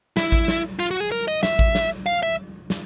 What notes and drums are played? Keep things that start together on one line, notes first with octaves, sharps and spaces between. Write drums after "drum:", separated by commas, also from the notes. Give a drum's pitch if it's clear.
E4, drum: snare
drum: kick A1
drum: snare
F4
F#4
G#4
A#4
D#5
E5, drum: snare
drum: kick A1
drum: snare
F5
E5
drum: snare